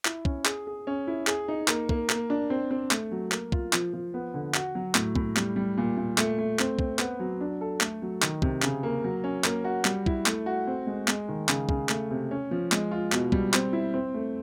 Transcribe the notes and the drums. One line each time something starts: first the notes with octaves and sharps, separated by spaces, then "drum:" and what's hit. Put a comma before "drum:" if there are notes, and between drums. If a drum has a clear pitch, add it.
E4, drum: clap
C#4, drum: kick
G#4, drum: clap
G#4
C#4
E4
G#4, drum: clap
D#4
A#3, drum: clap
A#3, drum: kick
A#3, drum: clap
D4
C4
C4
A3, drum: clap
F#3
A#3, drum: clap
F4, drum: kick
F3, drum: clap
F3
B3
D3
F#4, drum: clap
F#3
A2, drum: clap
A2, drum: kick
G3, drum: clap
G3
A#2
A#2
A3, drum: clap
A3
C4, drum: clap
C4, drum: kick
B3, drum: clap
F#3
D4
A4
A3, drum: clap
F#3
D#3, drum: clap
C3, drum: kick
C#3, drum: clap
A#3
F#3
C#4
A#3, drum: clap
F#4
G3, drum: clap
E4, drum: kick
A3, drum: clap
F#4
C4
G#3
G#3, drum: clap
D#3
C#3, drum: clap
C#3, drum: kick
A3, drum: clap
C3
C#4
F3
G#3, drum: clap
F4
B2, drum: clap
G3, drum: kick
C4, drum: clap
E4
C4
A3